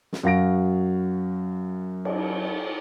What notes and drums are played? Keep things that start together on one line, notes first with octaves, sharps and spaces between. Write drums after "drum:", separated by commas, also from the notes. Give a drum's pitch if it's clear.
drum: snare
F#2 F#4 F5 A#6 D7
drum: cymbal